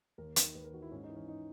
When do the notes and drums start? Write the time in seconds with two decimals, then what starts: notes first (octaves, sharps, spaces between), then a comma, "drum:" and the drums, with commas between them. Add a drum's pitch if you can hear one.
0.18 D#2 A#4
0.36 D#3 A#4, drum: hi-hat
0.55 D#2 B4
0.64 A#4
0.73 D#3 F#4
0.82 E4
0.92 G#2 C#4
1.04 D#4
1.10 E3
1.16 C#4
1.28 D#4